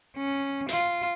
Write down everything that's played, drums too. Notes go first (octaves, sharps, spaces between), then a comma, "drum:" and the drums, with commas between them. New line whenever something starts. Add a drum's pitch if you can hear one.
C#4
F4, drum: hi-hat